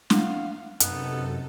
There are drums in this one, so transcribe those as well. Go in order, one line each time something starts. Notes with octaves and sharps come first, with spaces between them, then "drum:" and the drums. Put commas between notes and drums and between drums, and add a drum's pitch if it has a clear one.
F5 F#5, drum: snare
F#2 C3 B3 D#4 A4, drum: hi-hat